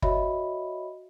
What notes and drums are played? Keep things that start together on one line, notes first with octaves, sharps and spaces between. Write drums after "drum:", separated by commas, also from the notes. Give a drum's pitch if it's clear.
F#4 C#5 D#5 E5 B5, drum: kick